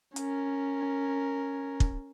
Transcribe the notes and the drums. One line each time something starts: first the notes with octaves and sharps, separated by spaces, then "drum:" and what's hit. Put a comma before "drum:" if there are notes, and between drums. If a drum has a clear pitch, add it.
C#4 A#4, drum: hi-hat
drum: kick